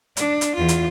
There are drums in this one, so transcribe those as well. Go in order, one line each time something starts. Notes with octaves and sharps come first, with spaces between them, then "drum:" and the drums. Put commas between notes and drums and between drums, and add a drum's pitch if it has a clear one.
D4, drum: hi-hat
drum: hi-hat
E2 F4
drum: hi-hat